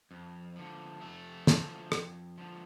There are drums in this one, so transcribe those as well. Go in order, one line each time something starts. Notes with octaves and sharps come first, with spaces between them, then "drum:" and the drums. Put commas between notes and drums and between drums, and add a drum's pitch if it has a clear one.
F2
D3 F3
F2 A3
D3 F3, drum: snare
F2, drum: rim click
D3 F3